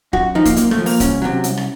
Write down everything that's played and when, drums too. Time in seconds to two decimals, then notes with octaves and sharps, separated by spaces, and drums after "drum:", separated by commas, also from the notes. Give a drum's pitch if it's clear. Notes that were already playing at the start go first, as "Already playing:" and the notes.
0.13 F#2 F#4, drum: kick
0.35 F3 D#4
0.45 A#3, drum: kick, hi-hat
0.56 F#2 A#3, drum: hi-hat
0.71 A3, drum: rim click
0.78 F3
0.86 A#3, drum: open hi-hat
1.00 C2 C#4, drum: kick, hi-hat
1.22 C3 D#3 F#3
1.44 C2, drum: hi-hat
1.57 drum: rim click